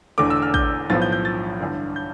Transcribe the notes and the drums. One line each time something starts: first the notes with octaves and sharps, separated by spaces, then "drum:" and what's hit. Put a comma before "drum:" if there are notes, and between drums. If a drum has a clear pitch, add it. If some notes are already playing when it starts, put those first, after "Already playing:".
E1 E2 D3 A3 D6
E6
F6
G6, drum: kick
B1 A2 F3 B3 A6
G6
G6
A6
A1 G2 D3
G6